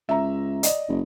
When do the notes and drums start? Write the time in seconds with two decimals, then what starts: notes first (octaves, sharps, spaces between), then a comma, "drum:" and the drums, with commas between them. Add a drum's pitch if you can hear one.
0.09 C#2 E5 A#5
0.63 D5 D#5, drum: hi-hat
0.89 F#1